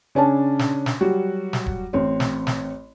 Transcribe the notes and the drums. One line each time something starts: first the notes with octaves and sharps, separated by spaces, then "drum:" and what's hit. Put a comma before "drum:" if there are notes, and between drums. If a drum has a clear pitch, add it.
C#3 C#4 D4 A5
drum: snare
drum: snare
F#3 G3 F#4
drum: snare
drum: kick
A1 C4 C#5
drum: snare
drum: snare